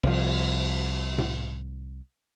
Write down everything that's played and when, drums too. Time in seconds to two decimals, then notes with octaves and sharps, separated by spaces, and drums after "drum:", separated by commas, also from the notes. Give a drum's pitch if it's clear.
0.03 C2 F3, drum: cymbal
1.18 drum: tom A2